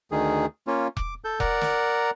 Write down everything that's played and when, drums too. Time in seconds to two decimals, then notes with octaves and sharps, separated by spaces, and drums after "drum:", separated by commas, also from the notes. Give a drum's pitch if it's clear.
0.12 D2 D#3 G#4
0.67 A#3 C#4 F4
0.97 D6, drum: kick E1
1.24 A4 G6
1.40 A#4 D5 F#5 A#5, drum: kick E1
1.61 drum: snare